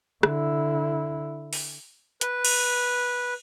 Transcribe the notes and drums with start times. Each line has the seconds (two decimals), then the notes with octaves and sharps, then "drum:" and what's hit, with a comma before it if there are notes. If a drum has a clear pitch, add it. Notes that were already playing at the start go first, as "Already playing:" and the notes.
0.23 D3 E4, drum: rim click
1.53 drum: open hi-hat
2.21 B4, drum: hi-hat
2.45 drum: cymbal